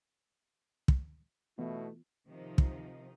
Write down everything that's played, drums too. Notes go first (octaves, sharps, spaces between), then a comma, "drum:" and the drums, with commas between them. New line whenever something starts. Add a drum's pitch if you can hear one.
drum: kick
B2 E3 A3 B3 E4 F4
C3 D#3 F3 D#4
drum: kick